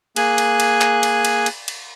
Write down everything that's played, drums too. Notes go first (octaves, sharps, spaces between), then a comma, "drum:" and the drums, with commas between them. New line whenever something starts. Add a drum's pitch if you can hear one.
A#3 G#4 G#5 F#6, drum: cymbal
drum: cymbal
drum: cymbal
drum: clap
drum: cymbal
drum: cymbal
drum: cymbal
drum: cymbal